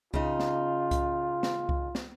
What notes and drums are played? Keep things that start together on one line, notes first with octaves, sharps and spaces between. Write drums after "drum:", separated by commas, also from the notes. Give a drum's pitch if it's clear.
C#3 D#4 F4, drum: kick C2
drum: snare
drum: kick C2, hi-hat
drum: snare
drum: kick C2
drum: snare